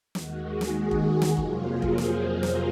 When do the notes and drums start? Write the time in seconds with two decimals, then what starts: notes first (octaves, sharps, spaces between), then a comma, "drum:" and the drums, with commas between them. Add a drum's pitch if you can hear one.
0.15 D#2 D#3 G#3 F#4, drum: snare
0.46 G#4
0.61 drum: snare
0.75 F#4
0.91 drum: kick F1
1.22 drum: snare
1.37 F2 C3 F#3 A#3 F4, drum: kick F1
1.67 G#4
1.82 drum: kick F1
1.98 C5, drum: snare
2.27 A#4
2.43 drum: snare